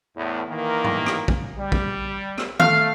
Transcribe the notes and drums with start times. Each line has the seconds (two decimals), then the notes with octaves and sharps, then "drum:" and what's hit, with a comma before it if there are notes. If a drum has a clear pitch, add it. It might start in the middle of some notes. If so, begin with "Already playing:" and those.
0.16 E2 A2
0.48 D#3 E3 A#3
0.84 drum: tom G#2
1.06 drum: rim click
1.28 drum: kick
1.59 G3
1.72 drum: kick
2.38 drum: rim click
2.60 A3 F5, drum: tom D#3